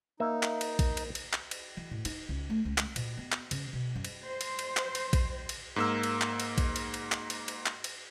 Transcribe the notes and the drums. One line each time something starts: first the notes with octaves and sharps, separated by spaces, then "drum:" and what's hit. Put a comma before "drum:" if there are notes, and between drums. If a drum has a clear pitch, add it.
A#3 D#4 E5
drum: clap
drum: cymbal
drum: kick A#1, cymbal
drum: cymbal
drum: cymbal
drum: clap
drum: cymbal
E3
A2
D#4, drum: cymbal
C#2
A3
C#2
drum: clap
A#2, drum: cymbal
B3
drum: clap
C#3, drum: cymbal
B2
F#2
drum: cymbal
C5
drum: cymbal
drum: cymbal
drum: clap
drum: cymbal
drum: kick A#1, cymbal
drum: cymbal
G#2 A#3 E6
drum: cymbal
drum: clap
drum: cymbal
drum: kick A#1, cymbal
drum: cymbal
drum: cymbal
drum: clap
drum: cymbal
drum: cymbal
drum: clap
drum: cymbal